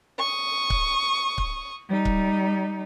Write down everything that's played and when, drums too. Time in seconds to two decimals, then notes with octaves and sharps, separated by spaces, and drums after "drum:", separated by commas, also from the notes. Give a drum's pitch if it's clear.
0.19 C#6 D#6
0.70 drum: kick C#1
1.38 drum: kick C#1
1.89 G3 D#4
2.05 drum: kick C#1